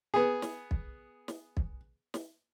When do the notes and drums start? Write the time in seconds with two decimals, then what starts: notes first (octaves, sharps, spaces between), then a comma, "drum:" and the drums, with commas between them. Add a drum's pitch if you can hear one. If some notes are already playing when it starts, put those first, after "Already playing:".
0.14 B3 G#4
0.42 drum: snare
0.71 drum: kick
1.28 drum: snare
1.57 drum: kick
2.14 drum: snare